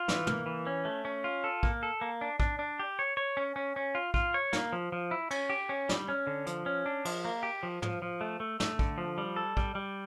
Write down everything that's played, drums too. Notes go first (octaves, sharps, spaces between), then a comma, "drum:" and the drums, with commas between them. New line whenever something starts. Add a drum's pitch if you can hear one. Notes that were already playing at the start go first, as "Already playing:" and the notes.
Already playing: F4
E3, drum: snare
A#3, drum: tom
E3
C#4
A3
C#4
F4
A4
A#3, drum: kick
A4
A#3
D4
D4, drum: kick
D4
G4
C#5
C#5
C#4
C#4
C#4
F4
F4, drum: kick
C#5
A#3, drum: snare
F3
F3
E4
C#4, drum: cymbal
G4
C#4
G3, drum: snare
C#4
D3
F3, drum: hi-hat
C#4
D4
F3, drum: cymbal
A#3
G4
F3
F3, drum: tom
F3
A3
A3
A3, drum: snare
D3, drum: kick
F3
G3
A4
G3, drum: kick
G3